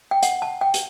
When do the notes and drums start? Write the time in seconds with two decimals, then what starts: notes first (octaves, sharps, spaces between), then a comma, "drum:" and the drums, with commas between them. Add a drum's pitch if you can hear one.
0.11 G5
0.23 F#5, drum: hi-hat
0.42 A5
0.61 G5
0.74 drum: hi-hat